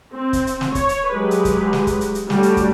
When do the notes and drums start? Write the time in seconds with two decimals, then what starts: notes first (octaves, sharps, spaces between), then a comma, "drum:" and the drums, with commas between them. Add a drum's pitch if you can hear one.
0.14 C4
0.33 drum: kick, hi-hat
0.47 drum: hi-hat
0.61 drum: snare
0.75 C#5, drum: kick, hi-hat
0.89 drum: hi-hat
1.11 F#3 G#3 G4 B4
1.31 drum: hi-hat
1.45 drum: kick, hi-hat
1.73 drum: snare
1.87 drum: kick, hi-hat
2.01 drum: hi-hat
2.15 drum: hi-hat
2.30 G3 A3 C#4 D4 F#4 G4, drum: snare
2.43 drum: hi-hat
2.57 drum: kick, hi-hat